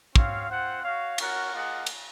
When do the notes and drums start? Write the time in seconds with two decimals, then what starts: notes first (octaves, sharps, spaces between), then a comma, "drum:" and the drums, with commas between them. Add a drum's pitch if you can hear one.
0.16 C4 F#4 C#5 F5, drum: kick
0.49 C4 F4 C5 F#5
0.84 F#4 C#5 F5
1.18 C#4 F#4 A#4 C#5 F#5, drum: cymbal
1.52 A#3 F4 G#4 D#5 F#5
1.86 drum: cymbal